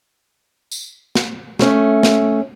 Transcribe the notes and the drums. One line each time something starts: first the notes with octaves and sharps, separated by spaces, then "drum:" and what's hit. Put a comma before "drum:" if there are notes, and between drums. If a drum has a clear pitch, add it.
drum: tambourine
drum: snare
A3 C#4, drum: snare
drum: snare